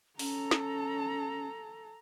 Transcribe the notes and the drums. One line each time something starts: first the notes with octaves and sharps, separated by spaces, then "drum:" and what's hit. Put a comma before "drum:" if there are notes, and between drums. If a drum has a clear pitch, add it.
C#4 A4 A#5, drum: open hi-hat
drum: snare